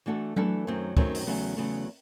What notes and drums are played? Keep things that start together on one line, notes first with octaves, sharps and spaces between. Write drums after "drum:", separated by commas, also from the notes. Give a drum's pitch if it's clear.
E3 A3 D4 F#4 A4
E3 A3 D4 F#4 A4, drum: tom F#3
F#2 D#3 F#3 A3 C4
F#2 D#3 F#3 A3 C4, drum: kick
drum: open hi-hat
E2 C#3 F#3 A3
E2 C#3 F#3 A3